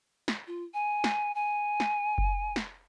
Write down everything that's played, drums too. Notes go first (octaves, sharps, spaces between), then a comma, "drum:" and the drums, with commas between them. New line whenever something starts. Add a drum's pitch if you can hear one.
drum: snare
F4
G#5
drum: snare
G#5
drum: snare
drum: kick F#1
drum: snare